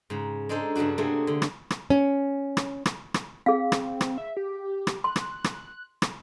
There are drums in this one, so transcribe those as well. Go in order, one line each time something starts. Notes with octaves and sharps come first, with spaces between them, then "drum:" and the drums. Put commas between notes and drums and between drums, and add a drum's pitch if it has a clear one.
G#2 C#3
G#3 D4 D#4 A4 C5
G2 C#3 F#3 D4 F#4
C3 A3 A#3 C4 G#4
D3
drum: rim click
drum: rim click
C#4
drum: rim click
drum: rim click
drum: rim click
C4 G#4 F5
drum: rim click
drum: rim click
E5
G4
drum: rim click
C6 F#6
drum: rim click
drum: rim click
drum: rim click